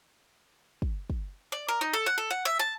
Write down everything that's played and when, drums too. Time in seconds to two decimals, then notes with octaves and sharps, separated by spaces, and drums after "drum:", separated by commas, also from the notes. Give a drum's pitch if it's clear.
0.82 drum: kick
1.10 drum: kick
1.52 D5
1.68 A#4
1.81 D#4
1.93 A4
2.06 F#5
2.18 A4
2.31 F#5
2.45 E5
2.59 A5